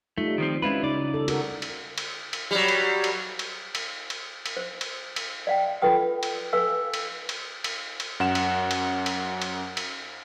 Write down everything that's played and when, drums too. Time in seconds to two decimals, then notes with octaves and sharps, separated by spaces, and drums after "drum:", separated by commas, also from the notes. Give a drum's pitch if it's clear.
0.18 G3 A3 D#4 F4
0.38 D#3 F3 C4
0.62 G#3 C#4 E4 F4 B4
0.83 C#2 D#4 D5
1.14 A4
1.28 F#4 A#4, drum: cymbal
1.62 drum: cymbal
1.98 drum: cymbal
2.33 drum: cymbal
2.51 F#3 G3
2.68 drum: cymbal
3.04 drum: cymbal
3.39 drum: cymbal
3.75 drum: cymbal
4.10 drum: cymbal
4.46 drum: cymbal
4.57 C5
4.81 drum: cymbal
5.16 drum: cymbal
5.47 D5 F5 G5
5.82 F4 A4 B4 G5 D#6
6.23 drum: cymbal
6.53 A4 B4 F5 G#5 E6
6.94 drum: cymbal
7.29 drum: cymbal
7.64 drum: cymbal
8.00 drum: cymbal
8.20 F#2 F#5 E7
8.35 drum: cymbal
8.71 drum: cymbal
9.06 drum: cymbal
9.42 drum: cymbal
9.77 drum: cymbal